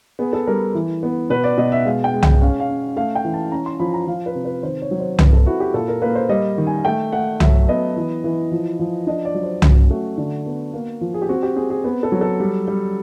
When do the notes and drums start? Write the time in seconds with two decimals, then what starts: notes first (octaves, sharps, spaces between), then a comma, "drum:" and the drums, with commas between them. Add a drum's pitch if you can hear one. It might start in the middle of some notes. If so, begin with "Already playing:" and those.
0.19 B3 G#4
0.33 A4
0.47 G3 A#4
0.75 E3
1.03 B3
1.30 B2 B4
1.44 D5
1.58 B2 D#5
1.72 E5
1.85 G#3 F5
2.04 G5
2.14 G#3
2.23 G5, drum: tom C2
2.41 C#4 F5
2.60 F5
2.69 C#4
2.97 A3 F5
3.15 G5
3.25 E3
3.34 A5
3.52 C#4 A#5
3.66 C6
3.80 F3 B5
3.94 A#5
4.07 F3 F5
4.26 B4
4.35 C3
4.45 B4
4.63 D#3 C5
4.82 C#5
4.91 F#3
5.00 C5
5.19 C4 B4, drum: tom C2
5.33 A4
5.46 E4 F#4
5.60 G4
5.74 A#2 A4
5.88 A#4
6.02 A#3 B4
6.15 C5
6.29 G3 D#5
6.58 D#3
6.67 G#5
6.85 A3 G5
7.12 A3 F#5
7.40 F#3 E5, drum: tom C2
7.68 B3 D#5
7.96 E3
8.24 E3
8.52 F3
8.79 F3
9.07 D4 D#5
9.25 D5
9.35 F#3
9.44 C5
9.62 C#4 F#4, drum: tom C2
9.90 A3 F#4
10.18 D3
10.46 B3
10.74 A#3
11.01 F3
11.14 G#4
11.22 G4
11.29 C4 F#4
11.43 G4
11.56 C4 G#4
11.70 G#4
11.84 B3
12.03 A4
12.12 F#3
12.21 A4
12.40 G3
12.68 G3